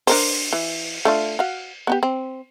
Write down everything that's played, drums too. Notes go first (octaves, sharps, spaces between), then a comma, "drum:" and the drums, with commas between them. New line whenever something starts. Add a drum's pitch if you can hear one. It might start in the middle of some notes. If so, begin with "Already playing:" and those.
D4 A#4 C5, drum: open hi-hat
E3
A3 D4 F4
F#4 F5
B3 D#4 G4
C4